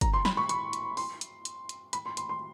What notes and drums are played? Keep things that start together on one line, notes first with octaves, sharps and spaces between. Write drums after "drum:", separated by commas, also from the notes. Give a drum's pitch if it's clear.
A#5, drum: kick, hi-hat
C6
B5, drum: snare
C#6
C#6, drum: hi-hat
drum: hi-hat
C6, drum: open hi-hat
drum: hi-hat
drum: hi-hat
drum: hi-hat
B5, drum: hi-hat
C6
C6, drum: hi-hat
C6